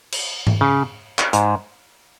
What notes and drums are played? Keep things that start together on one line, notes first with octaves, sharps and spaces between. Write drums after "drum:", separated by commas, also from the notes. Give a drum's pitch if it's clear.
drum: cymbal
drum: tom G#2
C#3
drum: clap
G#2, drum: hi-hat